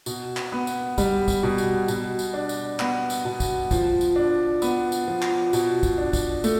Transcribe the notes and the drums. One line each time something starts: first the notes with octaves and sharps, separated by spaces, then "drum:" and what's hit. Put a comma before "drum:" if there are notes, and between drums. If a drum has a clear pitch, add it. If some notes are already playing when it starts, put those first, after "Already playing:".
B2, drum: tambourine
drum: clap
B3
drum: tambourine
G3, drum: kick, tambourine
drum: kick, tambourine
B2
drum: tambourine
B2, drum: tambourine
drum: tambourine
D4
drum: tambourine
B3, drum: clap
drum: tambourine
B2
drum: kick, tambourine
F3, drum: kick, tambourine
drum: tambourine
D4
B3, drum: tambourine
drum: tambourine
F3
drum: clap
B2, drum: tambourine
drum: kick, tambourine
D4
drum: kick, tambourine
A3, drum: tambourine